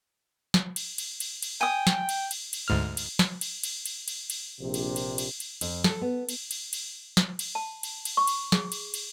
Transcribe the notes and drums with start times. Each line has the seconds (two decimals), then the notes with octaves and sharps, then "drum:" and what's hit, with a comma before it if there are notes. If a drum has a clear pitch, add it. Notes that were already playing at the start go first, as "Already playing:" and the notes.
0.54 drum: snare
0.76 drum: cymbal
0.98 drum: cymbal
1.20 drum: cymbal
1.42 drum: cymbal
1.61 G5 G#5 D#6
1.87 drum: snare
2.09 drum: cymbal
2.31 drum: cymbal
2.53 drum: cymbal
2.68 D2 G#2 F6
2.97 drum: cymbal
3.19 drum: snare
3.41 drum: cymbal
3.63 drum: cymbal
3.86 drum: cymbal
4.08 drum: cymbal
4.30 drum: cymbal
4.60 A#1 C3
4.74 drum: cymbal
4.96 drum: cymbal
5.18 drum: cymbal
5.40 drum: cymbal
5.61 F2, drum: cymbal
5.84 A4, drum: snare
6.01 B3
6.29 drum: cymbal
6.51 drum: cymbal
6.73 drum: cymbal
7.17 drum: snare
7.39 drum: cymbal
7.55 A5
7.83 drum: cymbal
8.05 drum: cymbal
8.17 C#6
8.27 drum: cymbal
8.52 G#4, drum: snare
8.72 drum: cymbal
8.94 drum: cymbal